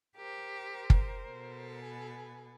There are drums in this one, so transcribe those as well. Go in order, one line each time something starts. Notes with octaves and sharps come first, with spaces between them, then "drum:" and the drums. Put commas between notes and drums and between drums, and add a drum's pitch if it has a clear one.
G4 A#4 C5
drum: kick
B2 A4
B4 G#5